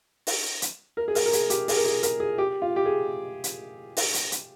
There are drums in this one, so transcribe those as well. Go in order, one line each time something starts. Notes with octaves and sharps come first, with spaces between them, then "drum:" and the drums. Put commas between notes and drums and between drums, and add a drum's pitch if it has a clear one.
drum: open hi-hat
drum: hi-hat
A#4
G#4
A#4, drum: open hi-hat
A#4
G#4, drum: hi-hat
G4, drum: hi-hat
G#4, drum: open hi-hat
A#4
G#4
A#4, drum: hi-hat
G#4
G4
F4
G4
G#4
drum: hi-hat
drum: open hi-hat
drum: hi-hat
drum: hi-hat